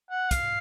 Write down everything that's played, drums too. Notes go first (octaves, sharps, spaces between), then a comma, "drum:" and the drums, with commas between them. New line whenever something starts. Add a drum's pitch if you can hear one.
F#5
F5, drum: kick, hi-hat